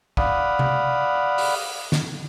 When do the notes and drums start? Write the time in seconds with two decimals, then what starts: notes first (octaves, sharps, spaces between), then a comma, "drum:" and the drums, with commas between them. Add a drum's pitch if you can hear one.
0.17 D5 F5 F#5 B5 D#6, drum: kick
0.59 drum: tom C3
1.38 drum: open hi-hat
1.92 drum: snare